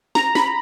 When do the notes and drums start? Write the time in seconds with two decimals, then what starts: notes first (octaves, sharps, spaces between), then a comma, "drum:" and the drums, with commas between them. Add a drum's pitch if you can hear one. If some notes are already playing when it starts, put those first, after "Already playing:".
0.15 A#5, drum: snare
0.35 B5, drum: snare